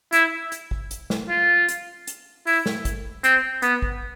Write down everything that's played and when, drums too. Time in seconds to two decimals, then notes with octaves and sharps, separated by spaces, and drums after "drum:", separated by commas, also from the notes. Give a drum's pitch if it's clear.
0.12 E4, drum: hi-hat
0.52 drum: hi-hat
0.71 drum: kick
0.91 drum: hi-hat
1.10 drum: snare
1.30 F4
1.68 drum: hi-hat
2.07 drum: hi-hat
2.47 E4, drum: open hi-hat
2.66 drum: snare
2.85 drum: kick, hi-hat
3.24 C4, drum: hi-hat
3.62 B3, drum: hi-hat
3.82 drum: kick